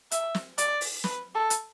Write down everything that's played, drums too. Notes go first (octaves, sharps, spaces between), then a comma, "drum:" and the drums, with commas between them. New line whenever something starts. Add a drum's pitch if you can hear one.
E5, drum: hi-hat
drum: snare
D5, drum: hi-hat
drum: open hi-hat
B4, drum: snare
A4
drum: hi-hat